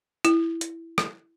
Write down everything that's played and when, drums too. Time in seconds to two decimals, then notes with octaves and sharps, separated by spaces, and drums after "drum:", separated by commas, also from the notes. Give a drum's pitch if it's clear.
0.25 E4, drum: hi-hat
0.61 drum: hi-hat
0.98 drum: rim click